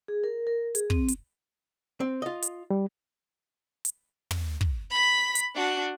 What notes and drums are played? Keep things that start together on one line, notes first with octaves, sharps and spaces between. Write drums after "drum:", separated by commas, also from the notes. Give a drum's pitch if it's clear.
G#4
A#4
A#4
G#4, drum: hi-hat
C4, drum: kick
drum: hi-hat
C4
F4 D#5
drum: hi-hat
G3
drum: hi-hat
drum: tom
drum: kick
B5 B6
drum: hi-hat
D4 F#4